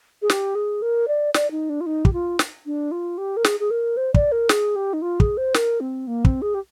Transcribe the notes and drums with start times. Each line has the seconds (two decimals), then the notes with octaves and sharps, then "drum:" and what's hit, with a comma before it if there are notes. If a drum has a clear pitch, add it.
0.22 G#4
0.30 G4, drum: snare
0.55 G#4
0.82 A#4
1.08 D5
1.34 D5, drum: snare
1.51 D#4
1.69 D4
1.81 F4
1.86 D#4
2.05 G4, drum: kick
2.13 F4
2.39 drum: snare
2.66 D4
2.91 F4
3.18 G4
3.37 A#4
3.44 G#4, drum: snare
3.60 G#4
3.71 A#4
3.97 C5
4.14 D5, drum: kick
4.32 A#4
4.49 G#4, drum: snare
4.76 G4
4.93 D#4
5.02 F4
5.20 G#4, drum: kick
5.37 C5
5.54 A#4, drum: snare
5.80 C4
6.07 A#3
6.25 C4, drum: kick
6.42 G#4
6.54 G4